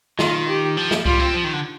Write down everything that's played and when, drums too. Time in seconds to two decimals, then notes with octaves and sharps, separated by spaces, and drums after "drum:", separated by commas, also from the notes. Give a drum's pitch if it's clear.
0.19 D#3 F4, drum: snare
0.48 G4
0.77 F3
0.91 drum: snare
1.06 G3 F4, drum: kick C2
1.20 C4
1.34 F3
1.44 D#3
1.53 D3